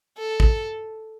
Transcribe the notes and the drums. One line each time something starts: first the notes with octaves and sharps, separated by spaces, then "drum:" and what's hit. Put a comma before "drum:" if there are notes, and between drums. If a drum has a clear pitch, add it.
A4
drum: kick